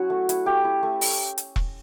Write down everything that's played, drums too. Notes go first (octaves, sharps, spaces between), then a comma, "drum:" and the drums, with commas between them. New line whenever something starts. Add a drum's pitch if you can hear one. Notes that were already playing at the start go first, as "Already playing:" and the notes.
Already playing: F#3 C#4 E4 F#4 C#5
A3
E4, drum: hi-hat
A3 G4
E4
A3
drum: open hi-hat
drum: hi-hat
drum: kick E1